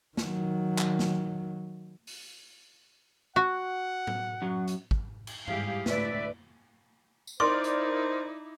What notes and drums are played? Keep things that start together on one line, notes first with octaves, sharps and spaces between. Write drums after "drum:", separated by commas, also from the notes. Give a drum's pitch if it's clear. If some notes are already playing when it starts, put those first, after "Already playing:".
D#3 F#3, drum: snare
drum: clap
drum: snare
drum: open hi-hat
F#4 F#5
drum: tom A2
F#2 F#3
drum: hi-hat
drum: kick
drum: cymbal
G#2 G3 E4 G4 G#4 F5, drum: tom G2
D2 A2 B4 D5 E5, drum: snare
drum: tambourine
D#4 E4 A#4 C5 D5 C6 D6
drum: hi-hat